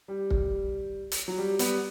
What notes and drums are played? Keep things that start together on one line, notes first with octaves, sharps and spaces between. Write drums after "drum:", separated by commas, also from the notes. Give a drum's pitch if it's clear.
G3
drum: kick
drum: hi-hat
F#3
G3
G3 B3, drum: hi-hat